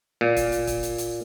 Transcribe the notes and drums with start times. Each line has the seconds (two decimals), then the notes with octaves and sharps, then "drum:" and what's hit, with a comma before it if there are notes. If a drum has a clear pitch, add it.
0.21 A#2
0.37 drum: kick, hi-hat
0.52 drum: hi-hat
0.67 drum: kick, hi-hat
0.83 drum: hi-hat
0.98 drum: hi-hat